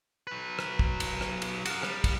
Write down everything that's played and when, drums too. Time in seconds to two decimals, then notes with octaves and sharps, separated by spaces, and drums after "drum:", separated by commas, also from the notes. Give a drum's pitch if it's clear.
0.27 F#3 B4
0.59 drum: rim click
0.79 drum: kick
1.00 drum: cymbal
1.21 drum: rim click
1.42 drum: cymbal
1.65 F#4 A#4, drum: cymbal
1.83 G3, drum: rim click
2.04 drum: kick, cymbal